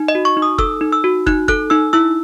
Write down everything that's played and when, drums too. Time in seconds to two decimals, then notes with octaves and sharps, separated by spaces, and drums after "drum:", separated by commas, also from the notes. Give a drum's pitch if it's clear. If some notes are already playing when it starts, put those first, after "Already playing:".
Already playing: D#4
0.08 D#5
0.15 F#4
0.25 C#6
0.37 D#4
0.42 D#6
0.58 A4 E6, drum: kick
0.81 D#4
0.93 E6
1.04 F#4
1.27 D#4 F#6, drum: kick
1.48 A4 F#6, drum: kick
1.70 D#4 E6
1.93 E4 E6